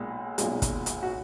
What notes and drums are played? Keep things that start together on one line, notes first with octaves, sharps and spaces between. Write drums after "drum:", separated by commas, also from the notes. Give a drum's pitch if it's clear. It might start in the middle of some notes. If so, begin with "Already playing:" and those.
Already playing: B1 A#2 G#3
B1 A#2 G#3, drum: hi-hat
drum: kick, hi-hat
drum: hi-hat
F#4